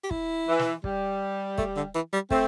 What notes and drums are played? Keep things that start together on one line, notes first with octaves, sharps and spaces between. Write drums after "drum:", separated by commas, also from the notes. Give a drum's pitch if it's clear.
G4
E4, drum: kick
E3
drum: snare
G3, drum: kick
A3, drum: kick
D3
E3
G3
A3 C4, drum: kick